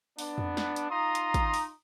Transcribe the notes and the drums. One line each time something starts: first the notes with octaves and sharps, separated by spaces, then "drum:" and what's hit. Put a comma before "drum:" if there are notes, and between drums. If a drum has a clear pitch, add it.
B3 D4, drum: open hi-hat
drum: tom F2
drum: snare
drum: hi-hat
D#4 F4 A#5 C6 D#6
drum: hi-hat
drum: kick, hi-hat
drum: open hi-hat